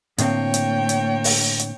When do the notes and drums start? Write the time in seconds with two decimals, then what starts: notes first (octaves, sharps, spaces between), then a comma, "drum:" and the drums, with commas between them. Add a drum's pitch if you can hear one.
0.18 A2 D3 A#3 C4 C#5 G5, drum: hi-hat
0.54 drum: hi-hat
0.89 drum: hi-hat
1.24 drum: open hi-hat
1.59 drum: hi-hat